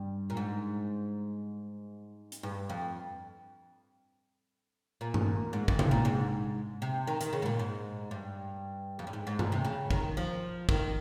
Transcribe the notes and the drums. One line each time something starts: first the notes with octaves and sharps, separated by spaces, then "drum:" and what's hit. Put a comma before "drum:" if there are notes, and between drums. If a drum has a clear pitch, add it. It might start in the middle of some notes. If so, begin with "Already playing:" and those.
Already playing: G2
A#2
G#2
drum: hi-hat
G2
F2
A#2
drum: tom G2
G#2
F2, drum: kick
G2, drum: tom C3
A#2
G#2
C3
D#3
D#3, drum: hi-hat
C#3
G#2
A#2
G#2
G2
F2
G2
G#2
G#2
A#2, drum: tom G2
C3
C#3
D#3, drum: kick
F3
D#3, drum: kick